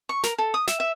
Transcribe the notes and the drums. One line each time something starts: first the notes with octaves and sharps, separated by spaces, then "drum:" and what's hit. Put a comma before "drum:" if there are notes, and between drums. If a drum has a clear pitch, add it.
C#6
A#4, drum: snare
A4
D#6
E5, drum: snare
E5